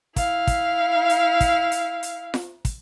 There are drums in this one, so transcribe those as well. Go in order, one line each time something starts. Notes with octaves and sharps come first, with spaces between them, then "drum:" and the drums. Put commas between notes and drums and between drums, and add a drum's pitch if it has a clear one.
E4 F5, drum: kick, hi-hat
drum: kick, hi-hat
drum: hi-hat
drum: kick, hi-hat
drum: hi-hat
drum: hi-hat
drum: snare F4
drum: kick, hi-hat